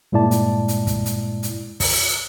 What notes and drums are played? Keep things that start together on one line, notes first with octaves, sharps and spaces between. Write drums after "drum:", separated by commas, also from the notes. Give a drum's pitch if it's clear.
G2 A#2 G#3 E4 D5 A5
drum: hi-hat
drum: hi-hat
drum: kick, hi-hat
drum: hi-hat
drum: hi-hat
drum: kick, open hi-hat